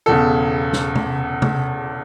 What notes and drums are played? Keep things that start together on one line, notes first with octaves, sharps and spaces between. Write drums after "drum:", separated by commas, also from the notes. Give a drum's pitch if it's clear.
E1 E2 C#3 A4
drum: snare
drum: tom C3
drum: tom C3